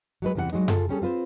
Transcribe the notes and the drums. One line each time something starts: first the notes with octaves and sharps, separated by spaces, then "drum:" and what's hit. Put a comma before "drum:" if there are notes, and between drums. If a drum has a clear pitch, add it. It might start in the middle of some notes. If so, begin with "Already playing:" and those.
F#3 G#3 B4
E2 C3 E3 A4 F#5
F#3 G#3 D#4
F4 G#4 A4, drum: tom F#2
G3 C#4 G#4 A4
C4 F4 B4 C5